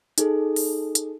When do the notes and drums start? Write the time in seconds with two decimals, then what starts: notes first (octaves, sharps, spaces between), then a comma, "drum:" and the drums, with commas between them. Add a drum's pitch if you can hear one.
0.18 D#4 G#4 A4, drum: hi-hat
0.56 drum: open hi-hat
0.95 drum: hi-hat